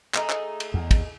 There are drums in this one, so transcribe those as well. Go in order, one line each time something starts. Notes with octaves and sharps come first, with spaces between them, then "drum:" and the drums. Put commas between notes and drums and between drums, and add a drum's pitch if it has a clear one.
A3 D#4 G#4, drum: clap
drum: clap
drum: cymbal
E2
drum: kick, cymbal